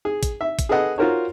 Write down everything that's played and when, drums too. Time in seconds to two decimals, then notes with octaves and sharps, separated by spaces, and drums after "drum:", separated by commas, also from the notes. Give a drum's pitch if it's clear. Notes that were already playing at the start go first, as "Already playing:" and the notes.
0.05 G#4
0.23 drum: kick, hi-hat
0.41 E5
0.59 drum: kick, hi-hat
0.69 G#4 A4 B4 D#5 F#5
0.98 F4 F#4 A#4 C5 C#5